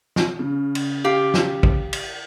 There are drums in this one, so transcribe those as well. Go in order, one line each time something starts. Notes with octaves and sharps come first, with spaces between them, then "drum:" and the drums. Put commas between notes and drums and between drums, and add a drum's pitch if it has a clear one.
drum: snare
C#3
drum: cymbal
G4 F5
drum: snare
drum: kick
drum: cymbal